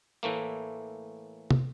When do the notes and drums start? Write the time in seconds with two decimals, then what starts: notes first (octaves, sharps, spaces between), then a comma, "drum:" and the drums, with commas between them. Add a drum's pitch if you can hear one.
0.23 A2 E3 A3 A#3
1.51 drum: tom